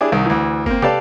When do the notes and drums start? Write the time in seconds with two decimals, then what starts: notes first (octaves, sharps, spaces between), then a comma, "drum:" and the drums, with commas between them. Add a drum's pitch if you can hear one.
0.01 D4 E4 G4 G#4
0.12 C2 D#3
0.25 D2 E3
0.66 A#3 C4, drum: kick F#1
0.82 G4 A4 B4 D5 F5 A5, drum: tom